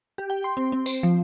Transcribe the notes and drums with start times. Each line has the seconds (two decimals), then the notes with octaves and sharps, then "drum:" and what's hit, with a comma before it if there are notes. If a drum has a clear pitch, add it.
0.18 G4
0.30 G5
0.44 C6
0.57 C4
0.72 C4
0.86 C5, drum: tambourine
1.03 F3